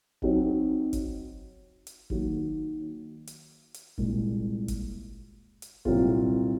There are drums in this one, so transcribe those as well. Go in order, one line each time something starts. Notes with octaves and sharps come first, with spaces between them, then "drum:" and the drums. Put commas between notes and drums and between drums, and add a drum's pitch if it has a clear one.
F#3 C4 D#4, drum: kick F#1
drum: kick F#1, hi-hat
drum: hi-hat
D#3 F#3 A#3, drum: kick F#1
drum: hi-hat
drum: hi-hat
C2 A#2 G#3, drum: kick F#1
drum: kick F#1, hi-hat
drum: hi-hat
C2 A#2 F#3 C4 F4, drum: kick F#1